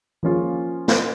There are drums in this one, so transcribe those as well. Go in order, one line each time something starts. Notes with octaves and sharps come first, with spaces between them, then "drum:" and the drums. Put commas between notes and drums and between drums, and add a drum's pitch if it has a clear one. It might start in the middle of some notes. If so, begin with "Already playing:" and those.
F3 A#3 C#4 F4 G#4
drum: snare